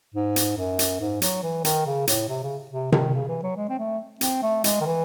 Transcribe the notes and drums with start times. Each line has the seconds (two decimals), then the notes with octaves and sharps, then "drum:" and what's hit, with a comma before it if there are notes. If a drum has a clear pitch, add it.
0.14 G#2
0.36 drum: hi-hat
0.58 F#2
0.79 drum: hi-hat
1.01 G#2
1.22 F#3, drum: hi-hat
1.43 E3
1.65 D#3, drum: hi-hat
1.86 C#3
2.07 A2, drum: hi-hat
2.29 C3
2.43 C#3
2.71 C3
2.92 D#3, drum: tom C3
3.14 C#3
3.28 E3
3.43 F#3
3.57 G#3
3.69 C4
3.79 A3
4.21 C4, drum: hi-hat
4.43 A3
4.64 G#3, drum: hi-hat
4.81 D#3
4.86 E3